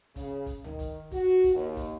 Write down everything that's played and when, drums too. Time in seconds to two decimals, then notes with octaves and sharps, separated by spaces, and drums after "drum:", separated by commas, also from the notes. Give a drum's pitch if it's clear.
0.16 C#3, drum: kick, hi-hat
0.46 drum: kick, hi-hat
0.64 D#3, drum: tom C#2
0.79 drum: kick, hi-hat
1.12 F#4, drum: kick, hi-hat
1.44 drum: kick, hi-hat
1.55 D#2
1.77 drum: kick, hi-hat